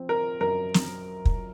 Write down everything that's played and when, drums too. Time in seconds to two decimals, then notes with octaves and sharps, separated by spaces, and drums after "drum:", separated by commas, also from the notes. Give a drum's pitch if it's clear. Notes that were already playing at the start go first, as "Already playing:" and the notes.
Already playing: F3 C4
0.09 A#4
0.41 F#2 A#4
0.74 drum: snare
1.25 drum: kick